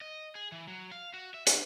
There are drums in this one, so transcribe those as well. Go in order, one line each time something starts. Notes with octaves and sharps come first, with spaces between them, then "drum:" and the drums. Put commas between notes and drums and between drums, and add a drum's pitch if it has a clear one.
D#5
G#4
E3
F#3
F5
F#4
E5
F#5, drum: hi-hat